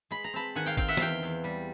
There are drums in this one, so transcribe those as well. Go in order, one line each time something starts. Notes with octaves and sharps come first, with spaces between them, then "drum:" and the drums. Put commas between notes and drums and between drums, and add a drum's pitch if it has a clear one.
G#3 B5
A#5
C4 A5 B5
D#3 F#5 G#5
F5 G5
C4 F5 G5, drum: kick
E5 F#5
E2 F5 G5, drum: snare
E2
G3